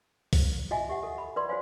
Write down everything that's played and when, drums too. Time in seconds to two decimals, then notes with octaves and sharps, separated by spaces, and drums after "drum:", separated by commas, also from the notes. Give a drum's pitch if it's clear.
0.33 drum: kick, open hi-hat
0.71 F#4 D#5 E5 G#5
0.89 G4 E5 F#5
1.03 A4
1.18 B5
1.36 B4 D5 C6
1.48 F#4 C5 C#5 F5 G#5